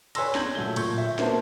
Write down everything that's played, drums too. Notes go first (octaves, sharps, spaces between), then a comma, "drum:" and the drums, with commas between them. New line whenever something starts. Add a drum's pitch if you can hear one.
B4 C#5 G#5 C6 E6 A#6, drum: cymbal
G6 G#6 F#7, drum: snare
A#2 F#3 A3 G7
A#2 C#6 G6 G#6, drum: cymbal
E5
A#3 B3 F#4 C5 E5 A5, drum: snare